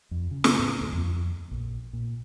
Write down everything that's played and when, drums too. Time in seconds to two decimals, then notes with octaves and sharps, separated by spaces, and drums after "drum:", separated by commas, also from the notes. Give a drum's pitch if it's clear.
0.11 F2
0.31 C#3
0.44 drum: snare
0.59 A2
0.81 D2
0.93 F2
1.51 A#1
1.93 A#2